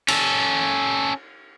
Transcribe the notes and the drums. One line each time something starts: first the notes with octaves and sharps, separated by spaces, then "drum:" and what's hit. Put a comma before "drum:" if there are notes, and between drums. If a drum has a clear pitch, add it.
C#4 A4, drum: cymbal